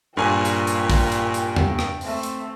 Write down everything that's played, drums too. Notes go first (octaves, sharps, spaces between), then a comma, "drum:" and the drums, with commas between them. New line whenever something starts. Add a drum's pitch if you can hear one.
G2 A#2 G5 G#5
drum: hi-hat
drum: hi-hat
drum: kick, open hi-hat
drum: hi-hat
drum: hi-hat
drum: tom E2
drum: rim click
A3 C4, drum: open hi-hat
drum: hi-hat